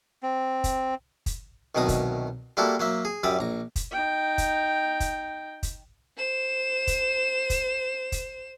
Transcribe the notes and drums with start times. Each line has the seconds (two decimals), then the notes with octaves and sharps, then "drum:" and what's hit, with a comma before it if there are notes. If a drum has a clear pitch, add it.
0.23 C4
0.64 drum: kick, hi-hat
1.26 drum: kick, hi-hat
1.75 C2 B2 D#3 F#3 A#5 D#6
1.88 drum: kick, hi-hat
2.57 G3 A#3 E4 F#4 A4
2.80 F#3 A#3 E5
3.05 G#4
3.23 F#2 G3 D5 E5 D#6
3.39 A#1 A#5
3.76 drum: kick, hi-hat
3.91 D#4 G5
4.38 drum: kick, hi-hat
5.00 drum: kick, hi-hat
5.63 drum: kick, hi-hat
6.16 C5 E7
6.87 drum: kick, hi-hat
7.50 drum: kick, hi-hat
8.12 drum: kick, hi-hat